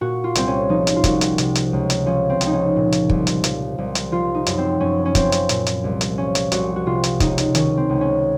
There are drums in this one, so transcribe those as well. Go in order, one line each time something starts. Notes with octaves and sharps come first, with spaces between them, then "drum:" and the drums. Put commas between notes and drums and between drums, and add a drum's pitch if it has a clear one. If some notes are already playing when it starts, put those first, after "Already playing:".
A#2 F#4
F4
C2 C4, drum: hi-hat
C#4
F3 D#4
drum: hi-hat
F4
C2 F#4, drum: kick, hi-hat
drum: hi-hat
C3, drum: hi-hat
drum: hi-hat
C#2
drum: hi-hat
F3 C#4
C4
C#2, drum: hi-hat
D#4
C#4
A#2
drum: hi-hat
C2, drum: kick
drum: hi-hat
F3, drum: hi-hat
C2
drum: hi-hat
F3 F4
D#4
F#2, drum: hi-hat
C4
F#2 C#4
C#4
F3 C4, drum: kick, hi-hat
drum: hi-hat
A#2, drum: hi-hat
drum: hi-hat
C2
drum: hi-hat
F3 C#4
drum: hi-hat
C2 F#4, drum: hi-hat
F#4
C3 F4
drum: hi-hat
C#2 D#4, drum: kick, hi-hat
drum: hi-hat
D#3 C#4, drum: hi-hat
C4
C#2
C#4